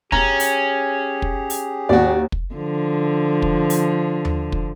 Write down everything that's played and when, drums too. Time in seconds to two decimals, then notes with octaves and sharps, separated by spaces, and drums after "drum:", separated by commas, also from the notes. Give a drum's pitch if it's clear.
0.12 C#4 G4 G#4 A#5, drum: kick
0.40 drum: open hi-hat
1.22 drum: kick
1.50 drum: open hi-hat
1.89 D#2 F#4 D5
2.32 drum: kick
2.55 D3 F3
3.42 drum: kick
3.70 drum: open hi-hat
4.25 drum: tom D#2
4.52 drum: kick